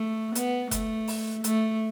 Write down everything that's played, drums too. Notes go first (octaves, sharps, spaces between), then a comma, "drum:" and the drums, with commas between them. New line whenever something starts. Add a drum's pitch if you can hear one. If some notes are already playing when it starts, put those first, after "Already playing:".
Already playing: A3
B3, drum: hi-hat
A3, drum: kick F1, hi-hat
drum: open hi-hat
A3, drum: hi-hat